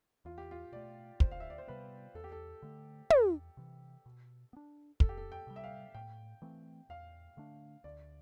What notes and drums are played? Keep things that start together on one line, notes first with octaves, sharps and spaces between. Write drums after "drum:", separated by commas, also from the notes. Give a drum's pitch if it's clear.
E2 F4
G4
F4
B2 A3 D5
D2 C5, drum: kick
F5
E5
D5
C5
C3 G3 B3 B4
E2 A4
G4
A4
D3 A3
E2, drum: tom
C3 E3
B2
B3
D4
F2 A4, drum: kick
G4
A4
G5
C3 G3
E5
F5
A2 G5
E3 A3 C4
E2 F5
D3 A3 D4
D2 D5